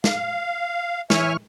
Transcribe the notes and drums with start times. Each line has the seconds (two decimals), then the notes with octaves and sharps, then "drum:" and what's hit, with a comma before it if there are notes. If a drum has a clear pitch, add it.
0.04 F5, drum: snare
1.10 E3 C#5 E5 G#5 C#6 F6, drum: snare